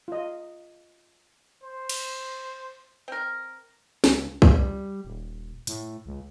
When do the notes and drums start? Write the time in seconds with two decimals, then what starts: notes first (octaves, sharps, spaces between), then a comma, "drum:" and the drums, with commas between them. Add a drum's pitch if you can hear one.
0.08 F4 D#5
1.64 C5
1.89 drum: cymbal
3.08 C4 A#4
4.04 C#2, drum: snare
4.42 G3, drum: kick
5.05 D#1
5.67 A2, drum: hi-hat
6.06 C#2